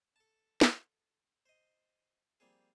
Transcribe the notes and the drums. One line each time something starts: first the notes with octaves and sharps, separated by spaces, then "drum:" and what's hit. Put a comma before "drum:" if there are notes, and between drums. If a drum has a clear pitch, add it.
A4 A5
drum: snare
C5 D#5
F3 G3 A#3 C4 G#4